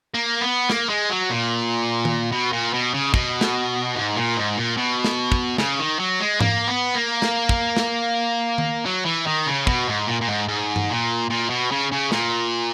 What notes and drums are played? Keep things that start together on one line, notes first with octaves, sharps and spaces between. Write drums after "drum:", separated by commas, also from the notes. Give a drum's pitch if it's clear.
A#3
B3
A#3, drum: snare
G#3
F#3
A#2
drum: tom D#3
B2
A#2
B2
C#3
B2, drum: kick
drum: snare
G#2
A#2
G#2
A#2
B2
drum: snare
drum: kick
C#3, drum: snare
D#3
F#3
G#3
A#3, drum: tom G#2
B3
A#3
drum: snare
drum: kick
drum: snare
drum: tom D#3
F#3
E3
D#3
C#3
B2, drum: kick
G#2
A#2
A#2
G#2
G#2
drum: tom G2
A#2
A#2
B2
C#3
C#3
A#2, drum: snare